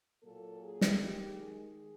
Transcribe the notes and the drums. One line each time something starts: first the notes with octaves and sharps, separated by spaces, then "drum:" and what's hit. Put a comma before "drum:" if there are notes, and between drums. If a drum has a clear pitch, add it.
A#2 F#3 A#3 A4
G#4
drum: snare
D#3 G#3 G4
G#4